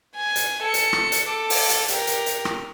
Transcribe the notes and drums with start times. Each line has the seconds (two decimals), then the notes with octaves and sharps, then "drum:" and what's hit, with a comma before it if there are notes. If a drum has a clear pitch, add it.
0.17 G#5
0.36 drum: hi-hat
0.63 A4 C#7
0.74 drum: hi-hat
0.93 drum: rim click
1.12 drum: hi-hat
1.26 A4 D6
1.50 drum: open hi-hat
1.69 drum: hi-hat
1.88 G4 A#4, drum: hi-hat
2.07 drum: hi-hat
2.26 drum: hi-hat
2.45 drum: rim click